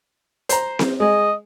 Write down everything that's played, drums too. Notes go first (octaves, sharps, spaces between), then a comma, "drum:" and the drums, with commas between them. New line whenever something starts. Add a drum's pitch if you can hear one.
C5 A#5, drum: hi-hat
drum: snare C4
G#3 D#5